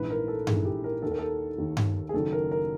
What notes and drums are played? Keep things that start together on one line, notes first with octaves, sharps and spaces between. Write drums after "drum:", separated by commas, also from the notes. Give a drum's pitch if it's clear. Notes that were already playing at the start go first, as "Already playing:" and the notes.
Already playing: A#1 G#2 E3 B4
A#4
A4
A#1 G#2 E3 G#4, drum: tom G2
G4
A#4
D#2 D#3 A4
A#4
A4
D#2 D#3
drum: tom G2
G#4
F#1 F#2 D#3 A4
A#4
A#4